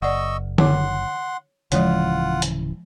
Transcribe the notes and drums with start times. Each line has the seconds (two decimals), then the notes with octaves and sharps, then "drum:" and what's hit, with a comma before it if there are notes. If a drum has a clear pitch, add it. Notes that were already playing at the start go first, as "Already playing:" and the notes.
0.02 F#1 D5 D#5 F#5 C#6 E6
0.58 C#5 F#5 C6 D6, drum: tom D3
1.72 D1 C#3 E3 F3 G#3 F4 C#5 F#5, drum: hi-hat
2.42 drum: hi-hat